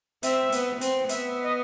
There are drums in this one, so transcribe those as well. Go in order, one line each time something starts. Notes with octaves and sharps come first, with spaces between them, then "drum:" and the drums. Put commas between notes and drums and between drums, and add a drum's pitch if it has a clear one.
C4 E5, drum: hi-hat
B3, drum: hi-hat
C4, drum: hi-hat
B3 E5, drum: hi-hat
D#5